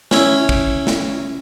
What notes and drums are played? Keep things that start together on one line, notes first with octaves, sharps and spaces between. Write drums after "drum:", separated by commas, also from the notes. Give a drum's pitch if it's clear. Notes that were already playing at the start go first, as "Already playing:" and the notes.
C#4 E4, drum: snare
drum: kick
drum: snare